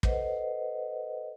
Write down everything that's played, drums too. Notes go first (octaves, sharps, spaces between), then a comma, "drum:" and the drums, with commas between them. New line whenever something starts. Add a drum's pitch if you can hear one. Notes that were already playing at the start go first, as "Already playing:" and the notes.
A4 B4 C5 D#5 F#5, drum: kick